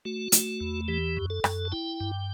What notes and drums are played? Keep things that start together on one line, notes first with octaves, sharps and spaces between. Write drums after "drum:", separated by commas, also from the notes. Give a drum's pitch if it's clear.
A3 F#4
A3, drum: hi-hat
E2
E3 G4
F#2
A4
F#2, drum: rim click
A5
E4 G5
G2